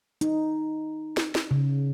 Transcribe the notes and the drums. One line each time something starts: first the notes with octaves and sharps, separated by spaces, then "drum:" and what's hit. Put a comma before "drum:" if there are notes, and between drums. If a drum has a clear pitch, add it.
D#4, drum: hi-hat
drum: snare
drum: snare
C#3